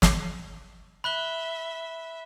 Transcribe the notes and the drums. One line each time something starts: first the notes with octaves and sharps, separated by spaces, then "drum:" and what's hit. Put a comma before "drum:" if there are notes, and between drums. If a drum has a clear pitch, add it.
drum: snare
E5 B5 F#6 G7